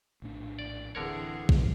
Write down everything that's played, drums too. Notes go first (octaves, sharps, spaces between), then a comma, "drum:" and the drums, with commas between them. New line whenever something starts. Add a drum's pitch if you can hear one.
A#1 A2 D4
D5
D1 D3 E3 C4 G#4 A#4 C#5
drum: kick